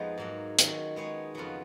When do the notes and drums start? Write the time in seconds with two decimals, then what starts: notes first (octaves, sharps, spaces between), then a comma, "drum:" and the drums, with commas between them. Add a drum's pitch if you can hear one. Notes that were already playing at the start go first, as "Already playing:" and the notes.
Already playing: F2 F3 G#3 B3 D#4
0.18 G#2 F#3 A#3
0.59 D#3 F#3 C#4 F4, drum: hi-hat
0.96 G#3 B3 D#4 G#4 C#5
1.35 F2 C#3 F#3 B3 F4